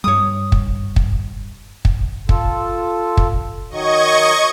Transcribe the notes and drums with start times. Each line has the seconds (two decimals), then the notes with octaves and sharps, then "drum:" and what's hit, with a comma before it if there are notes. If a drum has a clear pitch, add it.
0.04 G2 G3 C#5 D#6
0.52 drum: kick
0.96 drum: kick
1.85 drum: kick
2.29 F4 A4, drum: kick
3.17 drum: kick
3.70 D#3 F#3 D#5 C#6 G#6